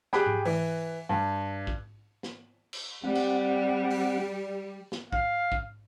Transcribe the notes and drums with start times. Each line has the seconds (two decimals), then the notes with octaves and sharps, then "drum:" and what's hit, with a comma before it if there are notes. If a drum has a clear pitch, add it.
0.13 G4 G#4 B5 D6 F#6, drum: snare
0.26 drum: tom G#2
0.45 E3, drum: open hi-hat
1.09 G2
1.67 drum: kick
2.23 drum: snare
2.73 drum: cymbal
3.04 G3 C4 F#5
3.15 drum: cymbal
3.91 drum: open hi-hat
4.92 drum: snare
5.13 F5, drum: kick
5.52 drum: kick